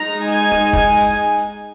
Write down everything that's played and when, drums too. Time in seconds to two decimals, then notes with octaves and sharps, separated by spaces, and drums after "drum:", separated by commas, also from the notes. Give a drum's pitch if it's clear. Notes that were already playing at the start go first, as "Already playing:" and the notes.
Already playing: G#3 D#4 A#5
0.30 G#5, drum: hi-hat
0.51 drum: snare
0.73 drum: kick, hi-hat
0.95 drum: open hi-hat
1.17 drum: hi-hat
1.39 drum: hi-hat